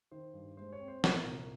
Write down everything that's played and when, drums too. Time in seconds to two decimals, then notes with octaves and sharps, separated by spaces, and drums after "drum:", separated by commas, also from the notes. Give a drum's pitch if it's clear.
0.11 D#3 C5
0.34 G2
0.57 G#3 C5
0.72 C#5
0.80 C4
0.88 C5
1.04 A#2 A#4, drum: snare
1.27 C2